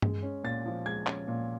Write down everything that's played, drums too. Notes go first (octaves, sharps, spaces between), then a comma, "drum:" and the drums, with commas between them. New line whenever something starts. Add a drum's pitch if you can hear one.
G#3, drum: tom G2
C#4
A#2 A6
F3
G#3 G#6
C#4, drum: clap
A#2